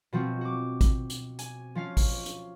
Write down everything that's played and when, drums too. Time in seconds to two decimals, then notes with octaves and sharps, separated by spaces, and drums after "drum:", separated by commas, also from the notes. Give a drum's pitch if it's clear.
0.13 B2 F3 C4 F#4
0.41 F#4 D6
0.81 drum: kick A1, hi-hat
1.10 drum: hi-hat
1.39 G#5, drum: hi-hat
1.75 F3 C#4 F5
1.97 drum: kick A1, open hi-hat
2.26 drum: hi-hat